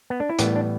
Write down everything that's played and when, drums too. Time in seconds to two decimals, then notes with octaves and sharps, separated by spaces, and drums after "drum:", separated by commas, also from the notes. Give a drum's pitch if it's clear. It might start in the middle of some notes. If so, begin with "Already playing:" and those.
0.10 B3
0.20 D4
0.29 E4
0.39 A2 E3 G3 B3 G4, drum: hi-hat
0.56 D4